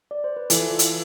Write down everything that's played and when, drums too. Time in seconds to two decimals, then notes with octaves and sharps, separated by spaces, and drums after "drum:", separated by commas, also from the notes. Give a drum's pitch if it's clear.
0.11 D5
0.24 C5
0.36 B4
0.50 E3 F4 A4, drum: hi-hat
0.79 drum: hi-hat